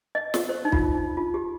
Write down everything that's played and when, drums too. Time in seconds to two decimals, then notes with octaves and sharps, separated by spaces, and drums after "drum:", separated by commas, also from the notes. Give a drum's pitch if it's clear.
0.15 D#5
0.34 drum: snare
0.49 C5
0.65 D#4
0.72 F4, drum: kick B1
0.94 D#4
1.17 F4
1.34 G4